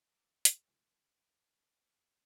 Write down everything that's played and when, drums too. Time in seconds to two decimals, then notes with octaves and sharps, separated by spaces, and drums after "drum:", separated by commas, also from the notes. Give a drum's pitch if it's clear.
0.10 A#5 D6 E6
0.45 drum: hi-hat
0.68 C3 E3 F3 G#3 D4